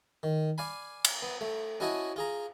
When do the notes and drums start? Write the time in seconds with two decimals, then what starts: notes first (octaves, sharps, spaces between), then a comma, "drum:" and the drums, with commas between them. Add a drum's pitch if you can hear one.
0.23 D#3
0.58 D5 F5 G#5 B5
1.05 drum: cymbal
1.22 B3
1.41 A3
1.80 C#4 E4 F#4 D#5 G#5 A5
2.16 F4 G#4 A#5